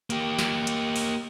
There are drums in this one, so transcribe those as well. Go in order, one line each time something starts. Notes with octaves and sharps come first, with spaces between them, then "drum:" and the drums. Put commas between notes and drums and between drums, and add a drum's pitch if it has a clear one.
A#3 G4, drum: hi-hat
drum: snare
drum: hi-hat
drum: open hi-hat